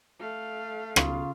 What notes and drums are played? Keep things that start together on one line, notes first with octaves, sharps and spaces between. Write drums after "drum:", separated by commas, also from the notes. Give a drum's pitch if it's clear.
A3 F5
C#3 F4, drum: rim click